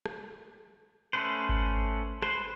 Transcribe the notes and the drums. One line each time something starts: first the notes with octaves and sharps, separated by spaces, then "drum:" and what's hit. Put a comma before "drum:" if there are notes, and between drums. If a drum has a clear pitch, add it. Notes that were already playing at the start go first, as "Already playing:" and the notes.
drum: rim click
A3 C#4 B4 C5
drum: kick G#1
B4 C5, drum: rim click